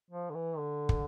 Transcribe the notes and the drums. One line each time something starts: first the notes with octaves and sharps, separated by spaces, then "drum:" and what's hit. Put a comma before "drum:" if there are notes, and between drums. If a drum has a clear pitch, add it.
F3
D3
E3
D3
drum: kick